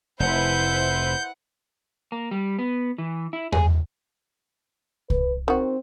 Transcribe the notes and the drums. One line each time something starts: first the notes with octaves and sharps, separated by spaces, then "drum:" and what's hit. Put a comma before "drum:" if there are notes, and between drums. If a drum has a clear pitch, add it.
F1 E4 B4 C5 F#5 G6
A#3
G3
B3
E3
E4
G#4, drum: tom E2
B4, drum: kick C2
D#3 C4 F#4